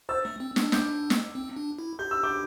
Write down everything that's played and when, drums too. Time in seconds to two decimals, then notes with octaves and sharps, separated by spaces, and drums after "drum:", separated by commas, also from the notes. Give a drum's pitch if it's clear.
0.09 C5 E6 A6
0.25 A3
0.40 C4
0.56 D4, drum: snare
0.72 D6 G6, drum: snare
1.10 drum: snare
1.35 C4
1.56 D4
1.79 E4
1.99 G4 G6
2.11 E6
2.23 D6 G6